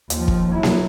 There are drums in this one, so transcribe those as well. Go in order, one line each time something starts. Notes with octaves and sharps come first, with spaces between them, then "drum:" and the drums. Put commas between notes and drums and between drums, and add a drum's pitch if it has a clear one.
D#2 F3, drum: hi-hat
drum: kick
F#3 E4
drum: snare A#3